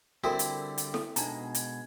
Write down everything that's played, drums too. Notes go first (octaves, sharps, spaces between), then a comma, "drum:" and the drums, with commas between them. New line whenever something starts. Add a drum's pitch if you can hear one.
D3 G3 C4 E4 F#4 A4 A#4
drum: hi-hat
drum: hi-hat
A4, drum: snare E4
B2 G#3 D4 D#4 A#5, drum: hi-hat
drum: hi-hat